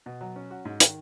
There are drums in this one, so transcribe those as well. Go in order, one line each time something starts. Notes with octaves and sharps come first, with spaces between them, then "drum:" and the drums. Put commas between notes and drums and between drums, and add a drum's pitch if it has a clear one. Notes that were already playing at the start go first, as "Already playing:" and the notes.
B2
F#3
C#4
F#4
G#2
D#3, drum: hi-hat